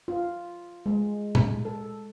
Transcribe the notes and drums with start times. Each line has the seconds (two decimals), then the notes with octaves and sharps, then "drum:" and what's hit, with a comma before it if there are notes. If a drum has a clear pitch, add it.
0.08 F4
0.86 G#3
1.35 drum: tom A#2
1.65 A4